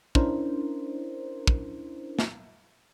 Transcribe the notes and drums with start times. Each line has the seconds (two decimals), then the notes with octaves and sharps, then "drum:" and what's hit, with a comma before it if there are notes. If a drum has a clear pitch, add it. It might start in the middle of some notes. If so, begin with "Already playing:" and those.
0.15 C#4 D4 E4 A#4 C5, drum: kick
1.47 drum: kick
2.19 drum: snare